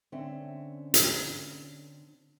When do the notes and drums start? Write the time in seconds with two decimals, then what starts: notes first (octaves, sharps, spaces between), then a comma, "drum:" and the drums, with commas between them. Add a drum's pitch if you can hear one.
0.12 D3 C4 C#4 E5
0.94 drum: hi-hat